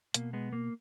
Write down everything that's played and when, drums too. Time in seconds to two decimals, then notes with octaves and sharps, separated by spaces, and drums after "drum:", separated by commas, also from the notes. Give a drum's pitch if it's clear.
0.14 B2 A#3, drum: hi-hat
0.33 G#3 B3
0.53 A#3